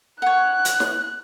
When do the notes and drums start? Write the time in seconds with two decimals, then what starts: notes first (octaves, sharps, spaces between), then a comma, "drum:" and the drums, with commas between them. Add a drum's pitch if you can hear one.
0.22 C#5 F#5 F#6
0.65 drum: hi-hat
0.80 drum: snare